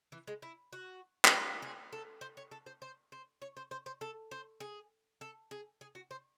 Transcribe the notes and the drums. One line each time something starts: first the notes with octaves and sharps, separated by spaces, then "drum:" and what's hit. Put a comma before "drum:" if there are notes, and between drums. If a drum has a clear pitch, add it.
E3
G#3
E4
F#4
drum: clap
G#4
A4
C5
C#5
A4
C5
C5
C5
C#5
C5
C5
C5
A4
C5
G#4
A4
G#4
G#4
F#4
C5